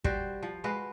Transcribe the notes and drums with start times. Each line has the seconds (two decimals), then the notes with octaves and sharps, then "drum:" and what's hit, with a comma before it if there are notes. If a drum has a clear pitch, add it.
0.04 G3 F#4 C5, drum: kick
0.43 F3
0.64 G#3 F#4 B4 F5